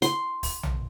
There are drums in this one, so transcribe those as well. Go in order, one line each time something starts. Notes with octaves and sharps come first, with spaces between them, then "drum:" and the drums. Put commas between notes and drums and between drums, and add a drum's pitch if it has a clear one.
C6, drum: hi-hat
drum: kick, open hi-hat
drum: tom A#1